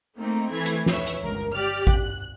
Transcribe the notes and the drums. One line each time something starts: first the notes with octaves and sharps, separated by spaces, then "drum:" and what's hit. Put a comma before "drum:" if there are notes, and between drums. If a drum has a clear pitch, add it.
A3 A#3 C4 D#4
E3 A3 G#6
drum: hi-hat
B4 C#5 E5, drum: snare
drum: hi-hat
G1 C#2 A#4
G4 D5 F6
F#6, drum: kick A1